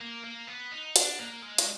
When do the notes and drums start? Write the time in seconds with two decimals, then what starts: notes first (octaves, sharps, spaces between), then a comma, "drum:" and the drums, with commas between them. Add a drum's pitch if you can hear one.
0.01 A#3
0.24 A#3
0.48 B3
0.72 D#4
0.96 D4, drum: hi-hat
1.19 A#3
1.42 G#3
1.58 drum: hi-hat